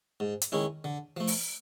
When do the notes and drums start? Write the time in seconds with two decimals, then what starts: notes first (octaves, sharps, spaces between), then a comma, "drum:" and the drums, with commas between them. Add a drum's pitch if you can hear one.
0.20 G#2
0.42 drum: hi-hat
0.52 D#3 G#3 C#4 E4
0.84 D3
1.17 F3 A3
1.27 drum: open hi-hat